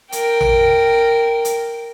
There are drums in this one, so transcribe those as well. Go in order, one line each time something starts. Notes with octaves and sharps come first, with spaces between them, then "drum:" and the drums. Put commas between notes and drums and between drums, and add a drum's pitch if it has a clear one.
A#4 G5, drum: hi-hat
drum: tom A1
drum: hi-hat